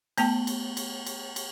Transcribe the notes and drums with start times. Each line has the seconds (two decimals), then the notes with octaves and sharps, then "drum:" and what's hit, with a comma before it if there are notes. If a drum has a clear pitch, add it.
0.17 A3 B3 G5 A5, drum: cymbal
0.47 drum: cymbal
0.77 drum: cymbal
1.06 drum: cymbal
1.36 drum: cymbal